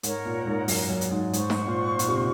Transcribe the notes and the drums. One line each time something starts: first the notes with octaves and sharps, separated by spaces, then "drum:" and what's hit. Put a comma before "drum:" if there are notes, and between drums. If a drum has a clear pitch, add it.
G#2 A#4 C#5 F#5, drum: hi-hat
A#2
G#2
F#2, drum: open hi-hat
F#2
drum: hi-hat
G#2
G#2 C5 F#5 C#6, drum: hi-hat
drum: snare
A#2
A#2, drum: hi-hat
C3
A#2